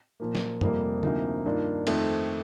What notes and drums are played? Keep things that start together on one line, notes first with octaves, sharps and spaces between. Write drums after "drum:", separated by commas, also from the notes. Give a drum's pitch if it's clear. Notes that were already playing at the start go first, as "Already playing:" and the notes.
A#2 F3 A#3
drum: snare
F1 F2 C3 G3 A#3, drum: tom
D2 C3 F3 A#3 D#4, drum: tom D3
G2 D#3 A#3 D4 F4
F2 D#3 A3 C4, drum: cymbal